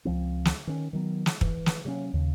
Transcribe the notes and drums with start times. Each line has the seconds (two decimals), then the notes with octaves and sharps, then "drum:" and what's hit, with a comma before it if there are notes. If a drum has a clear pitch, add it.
0.05 C#2 F3 C4
0.45 drum: snare
0.67 D#3 C#4
0.93 D#3 F#3 B3
1.26 drum: snare
1.41 E3, drum: kick
1.66 drum: snare
1.85 C3 F#3 A#3 C#4
2.14 D#2 C#3